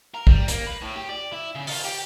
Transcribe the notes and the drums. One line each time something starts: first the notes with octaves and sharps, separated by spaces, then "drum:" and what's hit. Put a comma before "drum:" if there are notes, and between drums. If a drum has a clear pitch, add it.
A#4
G3, drum: kick
A#3, drum: hi-hat
B4
A2
G4
D5
E4
C#3
F4, drum: open hi-hat
G4